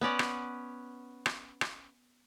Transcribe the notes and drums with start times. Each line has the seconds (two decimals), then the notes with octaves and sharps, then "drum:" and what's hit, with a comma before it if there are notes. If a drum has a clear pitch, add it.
0.01 B3 C#4 D5 F#5
0.19 drum: rim click
1.26 drum: rim click
1.61 drum: rim click